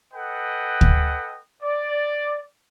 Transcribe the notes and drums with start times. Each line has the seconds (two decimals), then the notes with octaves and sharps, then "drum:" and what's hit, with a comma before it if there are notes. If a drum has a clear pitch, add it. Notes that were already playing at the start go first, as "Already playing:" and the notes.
0.14 A4 B4 D#5 F#5 G5
0.81 drum: kick
1.62 D5